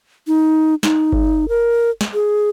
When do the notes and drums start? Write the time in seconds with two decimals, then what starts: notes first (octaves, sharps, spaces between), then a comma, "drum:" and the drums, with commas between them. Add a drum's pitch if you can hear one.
0.28 D#4
0.83 D#4, drum: snare
1.13 drum: kick G1
1.49 A#4
2.01 drum: snare
2.14 G#4